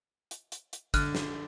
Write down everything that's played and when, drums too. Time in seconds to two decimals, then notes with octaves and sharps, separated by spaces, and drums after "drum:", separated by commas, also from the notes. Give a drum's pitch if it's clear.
0.31 drum: hi-hat
0.52 drum: hi-hat
0.73 drum: hi-hat
0.94 D3 F6 F#6, drum: kick, hi-hat
1.15 drum: snare